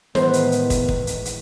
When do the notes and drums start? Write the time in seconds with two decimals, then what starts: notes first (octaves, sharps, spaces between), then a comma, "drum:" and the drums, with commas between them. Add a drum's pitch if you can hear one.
0.15 A2 D#3 E3 G#3 B3 B4 C5, drum: snare
0.33 drum: hi-hat
0.52 drum: hi-hat
0.70 drum: kick, hi-hat
0.89 drum: kick
1.07 drum: hi-hat
1.25 drum: hi-hat